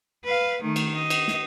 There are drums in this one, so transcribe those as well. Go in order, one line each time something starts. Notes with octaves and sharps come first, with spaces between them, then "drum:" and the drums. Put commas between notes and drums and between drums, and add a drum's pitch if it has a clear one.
B4 F5
D#3 A3
drum: cymbal
D#5
drum: cymbal
drum: snare